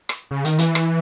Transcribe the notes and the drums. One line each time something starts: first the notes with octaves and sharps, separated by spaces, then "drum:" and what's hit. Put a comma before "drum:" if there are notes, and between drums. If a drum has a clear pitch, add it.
drum: rim click
C#3
D#3, drum: hi-hat
E3, drum: hi-hat
drum: rim click